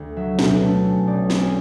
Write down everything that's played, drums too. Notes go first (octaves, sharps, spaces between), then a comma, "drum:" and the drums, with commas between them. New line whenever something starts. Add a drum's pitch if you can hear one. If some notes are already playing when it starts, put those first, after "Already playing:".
Already playing: D2
F#3 E5
B2, drum: snare
A3
C#4
B1 D5
C#4, drum: snare